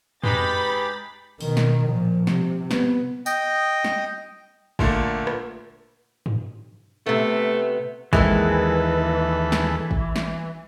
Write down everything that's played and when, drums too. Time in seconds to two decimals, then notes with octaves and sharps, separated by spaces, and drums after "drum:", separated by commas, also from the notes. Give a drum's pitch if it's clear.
0.24 G#3 D#4 G4 B4 B5 A6, drum: tom F2
1.41 B2 D#3, drum: open hi-hat
1.57 drum: snare
1.87 A#2 F3
2.27 C3, drum: snare
2.71 B3, drum: snare
3.26 D#5 G5, drum: tambourine
3.85 drum: snare
4.79 A#2 D3 A3 A#3, drum: kick
5.27 drum: rim click
6.26 drum: tom G2
7.06 C3 A3 B3
8.13 D#2 E3 G#3 A#3 C4 A4 B4, drum: kick
9.52 drum: snare
9.91 drum: kick
10.16 drum: snare